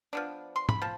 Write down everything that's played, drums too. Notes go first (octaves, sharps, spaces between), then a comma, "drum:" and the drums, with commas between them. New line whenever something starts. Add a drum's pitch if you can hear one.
F3 B3 D4
C6
B5, drum: tom G#2
F3 A5